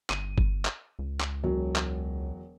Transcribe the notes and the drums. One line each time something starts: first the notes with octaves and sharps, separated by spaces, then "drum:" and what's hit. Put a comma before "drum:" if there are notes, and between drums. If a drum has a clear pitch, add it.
G1 D#7, drum: clap
drum: kick G1
drum: clap
C#2
drum: clap
E1 F#3
drum: clap